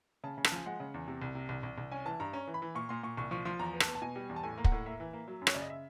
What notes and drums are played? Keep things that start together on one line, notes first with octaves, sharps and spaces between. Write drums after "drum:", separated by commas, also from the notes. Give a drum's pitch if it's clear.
C#3 A5
C#3
A5, drum: rim click
F3 G#5
G#3 F#5
C#3
E2
C3
C2
C3
C2
C2
C2
C#4 G#5
E3 A5
G2 A#5
C#4 A#5
E3
B5
E3
A#2 C#6
A#2 C6
A#2 C#6
C2 C#6
F3 C#6
F3 C6
E2 A#5
B3
A5, drum: rim click
B3
A5
B2 G#5
G3
E2
A5
A2 G#5
A#3
F#5, drum: kick
A2
A#3 E5
E3
A#3
F#3
F#2
C#5, drum: rim click
C#3 D5
D#5
E5